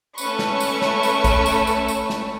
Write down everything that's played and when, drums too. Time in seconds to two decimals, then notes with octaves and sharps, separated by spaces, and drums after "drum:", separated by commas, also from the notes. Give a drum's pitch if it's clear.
0.18 A3 C#4 B4 C#6, drum: tambourine
0.39 drum: snare
0.60 drum: tambourine
0.82 drum: snare
1.03 drum: tambourine
1.24 drum: kick, tambourine
1.46 drum: tambourine
1.67 drum: tambourine
1.88 drum: tambourine
2.10 drum: snare